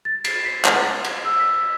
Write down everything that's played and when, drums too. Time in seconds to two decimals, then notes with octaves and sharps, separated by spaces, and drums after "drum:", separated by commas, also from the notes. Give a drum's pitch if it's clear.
0.05 A6
0.24 C7, drum: cymbal
0.45 B6
0.65 drum: clap
1.04 drum: cymbal
1.25 E6
1.39 B6
1.54 B6